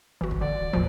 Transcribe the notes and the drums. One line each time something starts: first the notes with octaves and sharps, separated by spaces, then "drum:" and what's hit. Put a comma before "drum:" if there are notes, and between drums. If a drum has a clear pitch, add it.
G1 E3 F#4
drum: kick
D3 D5
D1
E2 A#2 F3, drum: kick